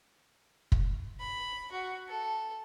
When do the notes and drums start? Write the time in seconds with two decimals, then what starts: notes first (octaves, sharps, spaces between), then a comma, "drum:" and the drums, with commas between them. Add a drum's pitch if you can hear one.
0.72 drum: kick
1.19 B5
1.72 F#4
2.08 A4